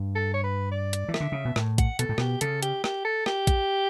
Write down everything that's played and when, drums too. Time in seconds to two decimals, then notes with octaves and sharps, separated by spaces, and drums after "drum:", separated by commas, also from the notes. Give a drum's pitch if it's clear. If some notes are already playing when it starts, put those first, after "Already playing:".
Already playing: G2
0.15 A4
0.34 C#5
0.44 B4
0.72 D5
0.93 drum: hi-hat
1.09 E3
1.14 E5, drum: rim click
1.20 D3
1.32 C#3
1.45 B2
1.56 A2, drum: rim click
1.78 F#5, drum: kick, hi-hat
1.99 B2 A4, drum: hi-hat
2.09 A2
2.18 B2 G4, drum: rim click
2.41 C#3 A4, drum: hi-hat
2.63 G4, drum: hi-hat
2.84 G4, drum: rim click
3.05 A4
3.26 G4, drum: rim click
3.47 drum: kick, hi-hat